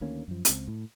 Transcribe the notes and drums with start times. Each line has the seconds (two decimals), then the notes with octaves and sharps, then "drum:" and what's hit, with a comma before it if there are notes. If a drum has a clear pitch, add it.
0.01 D2 D#3 A#3 C#4
0.28 F#2 F3
0.45 C#2 C4, drum: hi-hat
0.68 A2